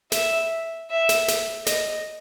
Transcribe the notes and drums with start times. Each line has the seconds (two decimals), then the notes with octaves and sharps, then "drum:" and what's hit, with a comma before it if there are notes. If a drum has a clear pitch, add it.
0.12 E5, drum: snare
0.90 E5
1.09 drum: snare
1.28 drum: snare
1.67 D#5, drum: snare